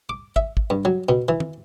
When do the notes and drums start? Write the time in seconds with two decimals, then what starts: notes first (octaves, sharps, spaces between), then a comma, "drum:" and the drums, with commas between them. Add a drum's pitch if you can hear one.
0.09 D6
0.36 E5, drum: kick
0.57 drum: kick
0.70 G2
0.85 F#3
1.09 B2
1.28 E3
1.40 drum: tom D#3